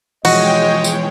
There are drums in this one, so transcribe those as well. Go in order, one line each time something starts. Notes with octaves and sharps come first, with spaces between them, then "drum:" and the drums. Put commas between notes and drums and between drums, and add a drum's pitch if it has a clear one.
B2 E3 F3 G#3 F#4 C#5 D#5 G5, drum: cymbal
drum: tambourine